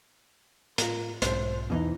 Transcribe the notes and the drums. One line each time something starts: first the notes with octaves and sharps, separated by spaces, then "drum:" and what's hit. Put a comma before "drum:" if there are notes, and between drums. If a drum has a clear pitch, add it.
A2 F4 A#4, drum: hi-hat
B1 G#2 C5, drum: hi-hat
E2 B2 E3 D#4